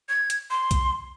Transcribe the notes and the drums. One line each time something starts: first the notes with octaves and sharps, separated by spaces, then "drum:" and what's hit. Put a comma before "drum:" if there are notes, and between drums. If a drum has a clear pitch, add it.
G#6
drum: hi-hat
C6
drum: kick, hi-hat